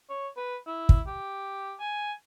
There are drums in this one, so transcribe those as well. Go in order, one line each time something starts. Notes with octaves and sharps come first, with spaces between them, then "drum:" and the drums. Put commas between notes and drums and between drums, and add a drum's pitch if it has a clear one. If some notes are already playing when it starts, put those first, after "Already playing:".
C#5
B4
E4
drum: kick
G4
G#5